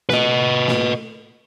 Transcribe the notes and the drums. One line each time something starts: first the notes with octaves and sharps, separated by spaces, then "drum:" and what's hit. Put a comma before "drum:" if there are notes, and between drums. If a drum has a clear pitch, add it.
B4 D#5, drum: snare
drum: snare